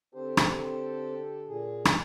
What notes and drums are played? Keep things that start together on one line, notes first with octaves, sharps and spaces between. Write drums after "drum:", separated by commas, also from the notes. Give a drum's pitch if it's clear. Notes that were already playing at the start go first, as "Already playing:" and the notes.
D3 C4 G4 A4 C5
drum: rim click
A#2 G#4
drum: rim click